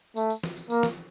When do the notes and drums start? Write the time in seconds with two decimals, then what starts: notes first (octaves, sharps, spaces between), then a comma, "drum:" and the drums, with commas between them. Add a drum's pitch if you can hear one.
0.16 A3, drum: tambourine
0.30 drum: tambourine
0.43 drum: snare
0.57 drum: tambourine
0.70 A#3, drum: tambourine
0.83 drum: snare